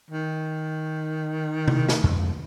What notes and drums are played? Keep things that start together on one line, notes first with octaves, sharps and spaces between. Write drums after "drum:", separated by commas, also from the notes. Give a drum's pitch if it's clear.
D#3
drum: tom C3
drum: snare
F2 D3 G#3